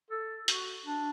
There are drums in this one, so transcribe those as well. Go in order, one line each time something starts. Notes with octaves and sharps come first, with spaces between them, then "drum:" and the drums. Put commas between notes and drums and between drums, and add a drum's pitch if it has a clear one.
A4
F#4, drum: hi-hat
D4